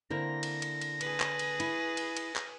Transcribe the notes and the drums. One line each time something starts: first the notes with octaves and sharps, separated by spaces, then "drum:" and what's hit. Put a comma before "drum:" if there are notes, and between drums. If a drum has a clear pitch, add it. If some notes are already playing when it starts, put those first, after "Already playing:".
D3 A#3 C4 E4 A#4 A#6
drum: cymbal
drum: cymbal
drum: cymbal
G#4 B4, drum: cymbal
drum: clap
drum: cymbal
E4 C#6, drum: cymbal
drum: cymbal
drum: cymbal
drum: clap